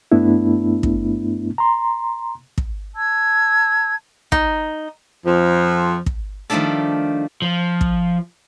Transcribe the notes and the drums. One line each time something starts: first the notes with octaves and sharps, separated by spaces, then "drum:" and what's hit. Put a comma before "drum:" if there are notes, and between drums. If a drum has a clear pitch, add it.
G2 A3 B3 D4 E4
drum: kick
A#5 C6
drum: kick
A5 E6 G#6
D#4, drum: kick
F2 F3
drum: kick
D#3 F3 G3 A3 D4 A4
F3
drum: kick